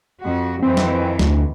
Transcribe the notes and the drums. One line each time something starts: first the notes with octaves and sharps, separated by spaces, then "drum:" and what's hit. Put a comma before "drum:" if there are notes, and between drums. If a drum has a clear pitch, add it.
F2 F#4
F2 D#3 E3 C4
drum: snare
D2, drum: snare